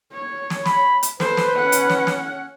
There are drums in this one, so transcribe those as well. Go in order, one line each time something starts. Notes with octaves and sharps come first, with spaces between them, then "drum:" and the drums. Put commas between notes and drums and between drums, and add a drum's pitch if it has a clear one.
C#5
drum: snare
B5, drum: snare
drum: hi-hat
A4 B4 C5, drum: snare
drum: snare
C#4 F#5
drum: hi-hat
drum: snare
drum: snare